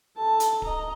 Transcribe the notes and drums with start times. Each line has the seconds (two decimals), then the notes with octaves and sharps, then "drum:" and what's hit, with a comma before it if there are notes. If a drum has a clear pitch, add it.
0.17 A4 A5
0.40 drum: hi-hat
0.62 D#5 A#5, drum: kick D1